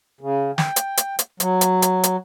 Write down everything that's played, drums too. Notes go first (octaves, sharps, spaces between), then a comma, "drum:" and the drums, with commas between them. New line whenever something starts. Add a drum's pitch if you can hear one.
C#3
G5, drum: snare
drum: hi-hat
drum: hi-hat
drum: hi-hat
F#3, drum: hi-hat
drum: hi-hat
drum: hi-hat
drum: hi-hat